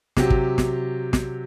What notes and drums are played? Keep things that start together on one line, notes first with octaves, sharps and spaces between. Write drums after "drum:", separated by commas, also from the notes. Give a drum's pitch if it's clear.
C3 F#3 G4, drum: snare
drum: kick
drum: snare
drum: snare